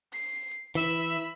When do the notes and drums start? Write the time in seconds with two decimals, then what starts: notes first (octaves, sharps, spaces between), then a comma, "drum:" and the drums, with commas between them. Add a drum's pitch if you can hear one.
0.13 C7, drum: hi-hat
0.51 drum: hi-hat
0.75 E3 E5 B5
0.90 drum: hi-hat
1.10 drum: hi-hat